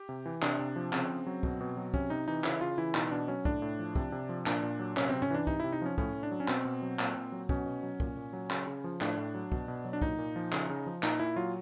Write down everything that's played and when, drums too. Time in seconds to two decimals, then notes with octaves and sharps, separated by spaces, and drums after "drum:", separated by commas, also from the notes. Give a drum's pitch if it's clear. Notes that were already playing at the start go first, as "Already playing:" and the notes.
Already playing: G4
0.09 C3
0.26 E3
0.42 C3 D4, drum: clap
0.59 C3
0.76 F3
0.93 C#3 C4, drum: clap
1.10 C#3
1.26 F#3
1.43 B2, drum: kick
1.61 B2
1.77 F#3
1.94 C3 C#4, drum: kick
2.10 C3 D#4
2.28 E3 D#4
2.44 C#3 E4, drum: clap
2.61 C#3 F4
2.78 E3 E4
2.95 B2 D#4, drum: clap
3.11 B2 D4
3.28 F#3 C#4
3.45 A2 D4, drum: kick
3.62 A2
3.79 F3
3.96 C3, drum: kick
4.12 C3
4.29 F3
4.46 A#2 D4, drum: clap
4.63 A#2
4.79 F#3
4.97 C3 C#4, drum: clap
5.09 C3 C4
5.22 C#4, drum: tom
5.30 E3 D4
5.47 C3 D#4, drum: kick
5.60 C3 E4
5.72 D#4
5.82 F3 C#4
5.98 A2 C#4, drum: kick
6.14 A2
6.23 D4
6.31 F#3
6.40 C#4
6.48 B2 C4, drum: clap
6.65 B2
6.82 F#3
6.99 A#2, drum: clap
7.16 A#2
7.32 F#3
7.49 B2 C#4, drum: kick
7.66 B2
7.83 F#3
8.00 A#2, drum: kick
8.17 A#2
8.33 F#3
8.50 C#3, drum: clap
8.67 C#3
8.84 F3
9.01 A2 D4, drum: clap
9.17 A2
9.35 F#3
9.52 B2, drum: kick
9.68 B2
9.85 F#3
9.93 D4
10.02 A#2 D#4, drum: kick
10.19 A#2
10.36 F3
10.52 C#3, drum: clap
10.69 C#3
10.86 F3
11.03 A#2 D#4, drum: clap
11.19 A#2 E4
11.36 F#3 F4